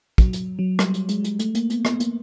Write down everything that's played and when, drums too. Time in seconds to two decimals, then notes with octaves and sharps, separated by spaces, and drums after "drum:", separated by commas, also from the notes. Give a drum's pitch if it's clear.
0.18 F#3, drum: kick, hi-hat
0.33 drum: hi-hat
0.59 F#3
0.79 G3, drum: rim click
0.94 drum: hi-hat
1.09 G#3, drum: hi-hat
1.24 drum: hi-hat
1.39 A3, drum: hi-hat
1.55 A#3, drum: hi-hat
1.70 B3, drum: hi-hat
1.85 B3, drum: rim click
2.00 A#3, drum: hi-hat